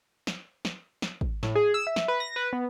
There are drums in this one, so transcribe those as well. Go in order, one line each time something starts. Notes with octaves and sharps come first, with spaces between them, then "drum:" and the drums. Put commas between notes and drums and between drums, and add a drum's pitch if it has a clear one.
drum: snare
drum: snare
drum: snare
drum: kick
A2, drum: snare
G#4
E6
E5
drum: snare
B4
A#6
B4
B3